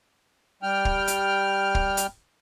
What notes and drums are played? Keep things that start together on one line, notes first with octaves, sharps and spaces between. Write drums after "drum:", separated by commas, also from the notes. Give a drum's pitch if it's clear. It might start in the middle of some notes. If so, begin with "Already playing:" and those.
G3 G5 F6
drum: kick
drum: hi-hat
drum: kick
drum: hi-hat